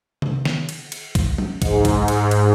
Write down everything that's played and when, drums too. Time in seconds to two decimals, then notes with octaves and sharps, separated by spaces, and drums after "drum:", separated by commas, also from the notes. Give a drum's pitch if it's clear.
0.22 drum: tom C3
0.45 drum: snare
0.69 drum: cymbal
0.92 drum: cymbal
1.15 drum: kick, cymbal
1.38 drum: tom F3
1.62 G#2, drum: kick, cymbal
1.85 drum: kick, cymbal
2.08 drum: cymbal
2.31 drum: cymbal